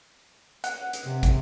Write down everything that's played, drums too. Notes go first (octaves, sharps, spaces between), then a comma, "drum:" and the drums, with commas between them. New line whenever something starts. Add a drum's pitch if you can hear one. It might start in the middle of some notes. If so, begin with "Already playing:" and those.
F#5, drum: hi-hat
drum: hi-hat
C3
drum: kick, hi-hat